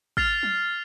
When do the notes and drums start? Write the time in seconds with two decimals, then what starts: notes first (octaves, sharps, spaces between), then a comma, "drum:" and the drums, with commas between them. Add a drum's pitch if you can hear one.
0.17 F6 A6 C7 F7, drum: kick
0.43 drum: tom F#3